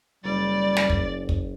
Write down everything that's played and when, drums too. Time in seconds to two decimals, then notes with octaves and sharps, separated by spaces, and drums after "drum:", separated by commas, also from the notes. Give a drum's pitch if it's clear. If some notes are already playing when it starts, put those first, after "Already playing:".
0.24 F#1 G3 D5 A6
0.76 drum: snare
0.90 drum: kick
1.29 drum: kick